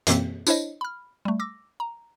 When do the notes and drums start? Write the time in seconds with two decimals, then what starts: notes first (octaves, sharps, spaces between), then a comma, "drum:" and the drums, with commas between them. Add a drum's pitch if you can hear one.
0.07 F#2 B2 E3 A#3 C4 B6, drum: hi-hat
0.47 D4 E4 C5 C#5 D#5, drum: tambourine
0.81 B5 F6
1.25 G3 A3
1.40 D6 E6 A#6
1.80 A#5